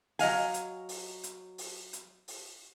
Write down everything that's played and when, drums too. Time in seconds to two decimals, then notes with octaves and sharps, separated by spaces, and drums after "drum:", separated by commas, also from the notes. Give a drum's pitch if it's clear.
0.19 F#3 D#5 F5 G#5, drum: open hi-hat
0.54 drum: hi-hat
0.89 drum: open hi-hat
1.23 drum: hi-hat
1.58 drum: open hi-hat
1.93 drum: hi-hat
2.28 drum: open hi-hat